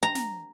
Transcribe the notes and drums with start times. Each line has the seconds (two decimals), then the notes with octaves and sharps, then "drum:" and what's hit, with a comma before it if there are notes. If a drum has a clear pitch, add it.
0.03 A#5
0.15 drum: snare